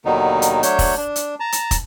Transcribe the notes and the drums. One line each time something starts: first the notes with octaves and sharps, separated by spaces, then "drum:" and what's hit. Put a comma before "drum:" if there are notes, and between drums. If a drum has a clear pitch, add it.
D#2 B2 D3 D#3 F#3 D#4
drum: hi-hat
F#3 A3 D4 C#5 G6, drum: hi-hat
drum: kick, open hi-hat
D4
drum: hi-hat
A5 A#5
drum: hi-hat
drum: kick, hi-hat